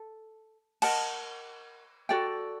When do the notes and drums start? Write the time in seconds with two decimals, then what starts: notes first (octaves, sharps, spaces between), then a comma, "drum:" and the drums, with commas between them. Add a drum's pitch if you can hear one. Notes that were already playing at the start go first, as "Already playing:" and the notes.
Already playing: A4
0.82 A#4 D#5 F#5 A5, drum: cymbal
2.09 F#4 A4 D5 G5